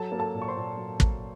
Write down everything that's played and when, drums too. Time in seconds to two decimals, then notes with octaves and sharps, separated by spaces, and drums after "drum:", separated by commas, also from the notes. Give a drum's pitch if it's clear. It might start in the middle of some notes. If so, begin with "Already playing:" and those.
Already playing: F#3 A4 A5
0.12 A#3
0.19 A4 A5
0.34 A#2
0.42 C#6
0.48 C5 C6
0.56 A#2
0.78 F#3
1.00 A#3, drum: kick